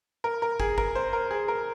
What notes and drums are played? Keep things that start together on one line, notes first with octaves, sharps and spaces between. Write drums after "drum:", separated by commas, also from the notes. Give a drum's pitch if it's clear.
A#4
A#4
G#4, drum: kick
A#4, drum: kick
C5
A#4
G#4
A#4